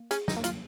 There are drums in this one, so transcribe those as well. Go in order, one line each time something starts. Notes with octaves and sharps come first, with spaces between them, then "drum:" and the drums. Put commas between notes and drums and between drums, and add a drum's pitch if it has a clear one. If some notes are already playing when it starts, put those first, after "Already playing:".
Already playing: A#3
C#4 G#4, drum: hi-hat
D#4, drum: snare
A#3
F4, drum: hi-hat